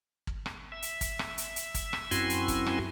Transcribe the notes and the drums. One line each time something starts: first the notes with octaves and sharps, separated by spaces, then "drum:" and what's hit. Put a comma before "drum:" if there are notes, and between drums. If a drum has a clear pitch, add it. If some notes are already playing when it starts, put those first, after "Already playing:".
drum: kick
drum: rim click
E5
drum: hi-hat
drum: kick, hi-hat
drum: rim click
drum: hi-hat
drum: hi-hat
drum: kick, hi-hat
drum: rim click
F#2 C4 E4 F#4 G#5 C6, drum: hi-hat
drum: hi-hat
drum: kick, hi-hat
drum: rim click